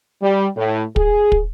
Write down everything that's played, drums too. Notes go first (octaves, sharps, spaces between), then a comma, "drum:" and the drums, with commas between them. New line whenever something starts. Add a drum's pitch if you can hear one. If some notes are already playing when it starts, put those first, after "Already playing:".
G3
A2
G#4, drum: kick
drum: kick